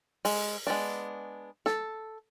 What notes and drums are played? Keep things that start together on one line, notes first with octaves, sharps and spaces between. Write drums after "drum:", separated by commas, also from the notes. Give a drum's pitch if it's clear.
G#3, drum: open hi-hat
G#3 B3 D4
A4, drum: snare